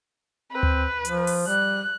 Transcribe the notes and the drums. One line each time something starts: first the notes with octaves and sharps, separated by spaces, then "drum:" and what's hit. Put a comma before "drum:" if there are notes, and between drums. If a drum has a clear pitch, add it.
C4 B4
drum: tom D2
F3, drum: hi-hat
drum: open hi-hat
G3 F#6